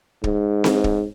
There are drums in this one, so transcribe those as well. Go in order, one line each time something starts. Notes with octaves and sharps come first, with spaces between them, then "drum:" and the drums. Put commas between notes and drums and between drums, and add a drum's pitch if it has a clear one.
G#2, drum: kick
drum: snare C4
drum: kick